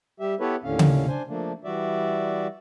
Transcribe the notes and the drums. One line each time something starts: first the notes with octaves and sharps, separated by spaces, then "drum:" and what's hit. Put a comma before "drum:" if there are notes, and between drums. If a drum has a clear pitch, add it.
G3 G4 E5
B3 E4 G4 A4 B4 C#5
D#2 A2 D3 C#4 F5
drum: tom C#3
D4 C5 G#5
F3 A3 A#3 D4
E3 G3 F#4 D5 E5